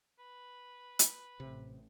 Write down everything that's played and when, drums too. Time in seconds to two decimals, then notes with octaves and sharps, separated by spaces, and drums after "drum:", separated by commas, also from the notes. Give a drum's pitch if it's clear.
0.19 B4
0.99 drum: hi-hat
1.40 A1 C3